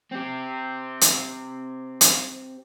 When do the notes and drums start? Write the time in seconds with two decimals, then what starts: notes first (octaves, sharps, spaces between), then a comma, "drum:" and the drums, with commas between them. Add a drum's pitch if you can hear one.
0.12 C4 G4
1.01 drum: hi-hat
2.01 drum: hi-hat